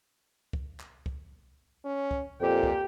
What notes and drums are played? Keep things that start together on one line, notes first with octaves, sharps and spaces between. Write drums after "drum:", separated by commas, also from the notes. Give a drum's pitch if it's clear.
drum: kick
drum: clap
drum: kick
C#4
drum: kick
F2 A#2 G4
drum: kick